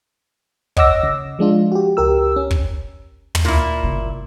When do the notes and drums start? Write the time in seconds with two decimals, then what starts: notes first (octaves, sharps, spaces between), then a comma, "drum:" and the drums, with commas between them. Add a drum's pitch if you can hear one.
0.77 C#5 D#5 F#5 D6 E6 A#6, drum: kick
1.03 C#3
1.39 F3 G#3 D4 F4
1.72 F#4 G4
1.97 C#2 G4 A#4 E6
2.36 C#4
2.51 drum: kick
3.35 drum: tom
3.45 A#2 E4
3.84 G1 C#3